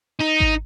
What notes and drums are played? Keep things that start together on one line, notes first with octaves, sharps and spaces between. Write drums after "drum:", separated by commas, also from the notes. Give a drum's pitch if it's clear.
D#4
drum: kick G#1